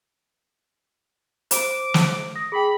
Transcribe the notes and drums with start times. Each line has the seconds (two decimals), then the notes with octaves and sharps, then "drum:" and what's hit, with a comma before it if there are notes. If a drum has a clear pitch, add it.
1.51 C5 D6, drum: hi-hat
1.94 drum: snare
2.35 D#6 A#6
2.52 G#4 G5 B5